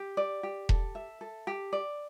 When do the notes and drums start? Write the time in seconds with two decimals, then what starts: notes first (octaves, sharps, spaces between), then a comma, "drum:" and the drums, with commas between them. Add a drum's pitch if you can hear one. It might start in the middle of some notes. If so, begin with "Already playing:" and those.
Already playing: G4
0.17 D5
0.43 G4
0.69 A4, drum: kick E1
0.95 E5
1.21 A4
1.47 G4
1.73 D5